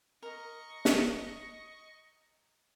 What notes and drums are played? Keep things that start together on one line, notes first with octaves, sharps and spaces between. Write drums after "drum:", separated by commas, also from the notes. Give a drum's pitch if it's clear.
A#4 D#5 C#6
drum: snare